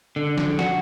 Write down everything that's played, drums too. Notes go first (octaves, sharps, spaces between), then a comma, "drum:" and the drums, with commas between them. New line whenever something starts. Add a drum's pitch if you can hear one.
D3
drum: snare
F#4, drum: snare